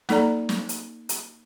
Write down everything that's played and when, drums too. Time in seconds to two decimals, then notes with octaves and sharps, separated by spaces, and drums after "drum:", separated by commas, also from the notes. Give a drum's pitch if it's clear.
0.09 A#3 D#4 A4 D5 A#5, drum: snare
0.49 drum: snare
0.69 drum: hi-hat
1.09 drum: hi-hat